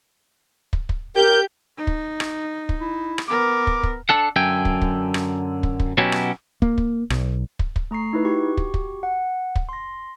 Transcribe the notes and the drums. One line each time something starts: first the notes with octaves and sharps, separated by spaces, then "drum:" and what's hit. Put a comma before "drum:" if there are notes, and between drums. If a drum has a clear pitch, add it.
drum: kick
drum: kick
G4 A#4 G6
D#4
drum: kick
drum: rim click
drum: kick
E4
drum: rim click
B3 A#4 D6
drum: kick
drum: kick
D4 A4 F#5
F#2 D3 E5 G5 G#5
drum: kick
drum: kick
drum: rim click
drum: kick
drum: kick
B2 F#3 C#4 E4 F#4 G4
drum: rim click
A#3, drum: kick
drum: kick
B1, drum: rim click
drum: kick
drum: kick
A3 A#5 C#6 C7
D#4 E4 B4
F#4 G4 C#6
drum: kick
drum: kick
F#5
drum: kick
C6 A#6